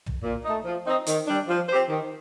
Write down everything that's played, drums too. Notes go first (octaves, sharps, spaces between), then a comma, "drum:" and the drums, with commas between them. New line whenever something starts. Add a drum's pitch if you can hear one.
drum: tom
A#2
A3 D#4
F3
C4 D#4
D#3, drum: hi-hat
G3 D4
F3
C4 G4 C5
D#3